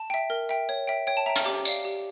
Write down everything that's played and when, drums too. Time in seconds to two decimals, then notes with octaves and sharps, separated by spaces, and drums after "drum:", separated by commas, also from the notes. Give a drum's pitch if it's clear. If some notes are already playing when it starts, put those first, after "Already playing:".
Already playing: A5
0.10 E5 G5
0.30 A#4
0.49 E5 G5
0.69 C#5
0.88 E5 G5
1.07 C#5 G5
1.17 A5
1.26 E5 G5 A#5
1.36 F6, drum: hi-hat
1.45 G4 D6
1.65 D5 F5, drum: tambourine
1.85 G4